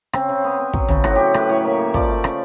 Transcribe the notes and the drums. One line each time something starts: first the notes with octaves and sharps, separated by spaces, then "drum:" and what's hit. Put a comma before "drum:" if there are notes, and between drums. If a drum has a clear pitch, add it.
C#3 C4, drum: rim click
C#3
B3
B3
F#3, drum: kick
C#3, drum: tom
A2 F#4, drum: rim click
F#3 G4
A2 B4, drum: rim click
A2 C#5
A#3
A#3
F3 D5, drum: kick
A3
C#3, drum: rim click